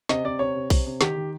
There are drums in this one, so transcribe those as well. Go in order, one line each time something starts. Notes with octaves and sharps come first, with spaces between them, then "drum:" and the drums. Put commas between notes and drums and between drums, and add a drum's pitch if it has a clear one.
C3 D#5, drum: snare
C3 D5
C3 C#5
C3
C3, drum: kick B1, open hi-hat
C3
D#3 G4, drum: snare
D#3